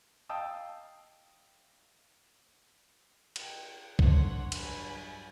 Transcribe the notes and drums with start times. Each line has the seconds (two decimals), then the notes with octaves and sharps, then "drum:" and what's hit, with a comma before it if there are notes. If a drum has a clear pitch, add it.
0.29 D#5 F5 G5 A5 D#6 E6
3.36 G5, drum: cymbal
3.99 D3 C5 C#5 F#5, drum: kick
4.52 G2 F#3 G#5 B5, drum: cymbal